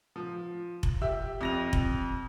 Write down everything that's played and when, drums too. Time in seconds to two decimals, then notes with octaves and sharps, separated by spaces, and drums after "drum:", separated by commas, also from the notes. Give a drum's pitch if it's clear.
0.16 F3
0.83 drum: kick F1
1.02 G4 E5
1.41 F2 A#6 F7
1.73 drum: kick F1